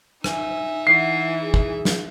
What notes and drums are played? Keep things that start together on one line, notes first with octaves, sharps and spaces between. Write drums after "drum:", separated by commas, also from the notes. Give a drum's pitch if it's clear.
D#4 E5 G#5, drum: rim click
E3 F#5 C7
G#4
drum: kick
drum: snare